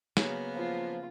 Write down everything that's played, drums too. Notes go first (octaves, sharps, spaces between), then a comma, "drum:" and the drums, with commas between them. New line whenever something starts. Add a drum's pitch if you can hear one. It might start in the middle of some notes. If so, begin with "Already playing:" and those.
C#3 F#3 A#3 B3 F#4, drum: snare
F3 F4